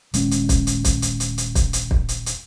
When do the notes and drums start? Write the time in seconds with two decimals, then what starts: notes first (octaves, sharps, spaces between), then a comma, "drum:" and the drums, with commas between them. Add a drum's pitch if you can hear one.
0.14 D#1 G#3 C#4, drum: hi-hat
0.31 drum: hi-hat
0.49 drum: kick, hi-hat
0.67 drum: hi-hat
0.84 drum: kick, hi-hat
1.02 drum: hi-hat
1.20 drum: hi-hat
1.38 drum: hi-hat
1.55 drum: kick, hi-hat
1.73 drum: hi-hat
1.91 drum: kick
2.09 drum: hi-hat
2.26 drum: hi-hat